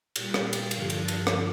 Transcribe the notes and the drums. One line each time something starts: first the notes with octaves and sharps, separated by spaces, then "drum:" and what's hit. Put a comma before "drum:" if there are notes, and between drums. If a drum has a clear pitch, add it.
A#2 G3 G4, drum: cymbal
drum: rim click
drum: cymbal
G2 D3 F3 A4, drum: cymbal
drum: cymbal
drum: cymbal
drum: rim click